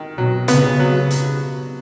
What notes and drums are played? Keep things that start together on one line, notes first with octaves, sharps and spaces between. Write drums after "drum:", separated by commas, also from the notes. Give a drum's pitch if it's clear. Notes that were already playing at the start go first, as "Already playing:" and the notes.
Already playing: D#3
B2 F#3
C#3 B3, drum: hi-hat
F#3
drum: hi-hat